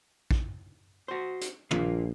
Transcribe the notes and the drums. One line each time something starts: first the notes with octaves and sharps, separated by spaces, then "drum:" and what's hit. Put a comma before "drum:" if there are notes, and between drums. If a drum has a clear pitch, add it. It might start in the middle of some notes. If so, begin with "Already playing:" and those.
drum: kick
F#4 C5
drum: hi-hat
A#1 A#3 F4, drum: tom